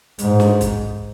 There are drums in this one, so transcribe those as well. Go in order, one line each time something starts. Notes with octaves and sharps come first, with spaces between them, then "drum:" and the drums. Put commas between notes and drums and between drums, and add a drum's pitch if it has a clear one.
G#2, drum: hi-hat
drum: snare
drum: kick, hi-hat